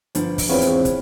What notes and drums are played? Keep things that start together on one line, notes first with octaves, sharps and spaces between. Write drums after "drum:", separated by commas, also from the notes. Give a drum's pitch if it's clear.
G1 F3, drum: hi-hat
drum: kick, open hi-hat
E2 G#2 C4 F4 B4 C#5
drum: hi-hat
drum: kick, hi-hat